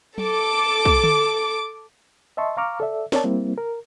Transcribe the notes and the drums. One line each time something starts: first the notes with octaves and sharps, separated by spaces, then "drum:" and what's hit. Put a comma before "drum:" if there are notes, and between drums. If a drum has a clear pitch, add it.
A4 D6, drum: tom F#3
drum: kick
drum: tom D3
D#5 E5 A5 C6 C#6
F5 A#5 C#6 D6 F6
A4 D5 E5
A#4 C#5 D5 A5, drum: snare
G3 A#3 C4 E4
A#4